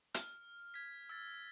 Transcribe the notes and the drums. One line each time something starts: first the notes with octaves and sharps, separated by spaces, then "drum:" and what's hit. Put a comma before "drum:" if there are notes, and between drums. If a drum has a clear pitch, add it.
F6, drum: hi-hat
G#6 B6
E6 A6